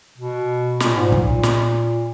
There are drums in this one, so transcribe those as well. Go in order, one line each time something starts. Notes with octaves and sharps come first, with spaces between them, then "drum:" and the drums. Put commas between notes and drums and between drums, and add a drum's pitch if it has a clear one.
B2
A#2, drum: snare
G#2
A#2, drum: kick
drum: snare